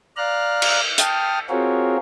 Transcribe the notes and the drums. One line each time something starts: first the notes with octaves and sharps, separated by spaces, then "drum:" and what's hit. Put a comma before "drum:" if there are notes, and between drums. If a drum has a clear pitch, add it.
D5 F5 A#5 F6 F#6
drum: cymbal
G5 A5 D#6 F6, drum: hi-hat
C4 F4 F#4 G#4 A#4 C#5